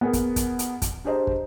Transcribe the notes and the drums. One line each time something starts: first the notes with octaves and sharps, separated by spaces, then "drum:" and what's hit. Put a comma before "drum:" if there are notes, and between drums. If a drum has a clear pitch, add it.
B3 G#4 A#4
drum: kick, hi-hat
drum: kick, hi-hat
drum: hi-hat
drum: kick, hi-hat
D4 G4 G#4 C5 D#5 A#5
drum: kick